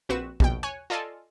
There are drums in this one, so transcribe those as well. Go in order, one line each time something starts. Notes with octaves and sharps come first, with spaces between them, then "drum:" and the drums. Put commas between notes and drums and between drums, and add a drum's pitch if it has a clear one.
A#1 C4 F#4 B4 C#7 E7
A#1 B2 G5, drum: kick
C#5 G#5 C#6 F#6
F4 A4 D5 D#5 G#5 A5